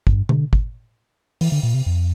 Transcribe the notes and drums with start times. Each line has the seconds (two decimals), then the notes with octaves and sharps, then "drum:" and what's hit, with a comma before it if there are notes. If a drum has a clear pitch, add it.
0.07 G2, drum: kick
0.29 D3, drum: tom B2
0.53 drum: kick
1.41 E3, drum: open hi-hat
1.52 D3
1.63 A#2
1.74 C3
1.86 F2